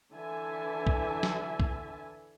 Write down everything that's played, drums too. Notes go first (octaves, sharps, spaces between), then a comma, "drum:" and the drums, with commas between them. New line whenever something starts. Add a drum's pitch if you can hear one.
D3 E3 E5 G#5 A5
drum: kick B1
drum: snare
drum: kick B1